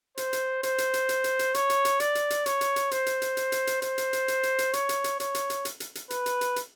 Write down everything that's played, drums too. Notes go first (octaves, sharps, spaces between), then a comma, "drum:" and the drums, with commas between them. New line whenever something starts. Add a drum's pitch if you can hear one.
C5, drum: hi-hat
drum: hi-hat
C5, drum: hi-hat
drum: hi-hat
drum: hi-hat
drum: hi-hat
drum: hi-hat
drum: hi-hat
C#5, drum: hi-hat
drum: hi-hat
drum: hi-hat
D5, drum: hi-hat
drum: hi-hat
drum: hi-hat
C#5, drum: hi-hat
drum: hi-hat
drum: hi-hat
C5, drum: hi-hat
drum: hi-hat
drum: hi-hat
drum: hi-hat
drum: hi-hat
drum: hi-hat
C5, drum: hi-hat
drum: hi-hat
drum: hi-hat
drum: hi-hat
drum: hi-hat
drum: hi-hat
C#5, drum: hi-hat
drum: hi-hat
drum: hi-hat
C#5, drum: hi-hat
drum: hi-hat
drum: hi-hat
drum: hi-hat
drum: hi-hat
drum: hi-hat
B4, drum: hi-hat
drum: hi-hat
drum: hi-hat
drum: hi-hat